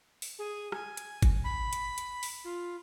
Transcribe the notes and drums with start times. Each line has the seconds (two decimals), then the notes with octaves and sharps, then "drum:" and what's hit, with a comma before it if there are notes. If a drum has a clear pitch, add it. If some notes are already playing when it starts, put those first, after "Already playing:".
0.22 drum: open hi-hat
0.39 G#4
0.72 G#5, drum: rim click
0.97 drum: hi-hat
1.22 drum: kick, hi-hat
1.44 B5
1.73 drum: hi-hat
1.98 drum: hi-hat
2.23 drum: open hi-hat
2.44 F4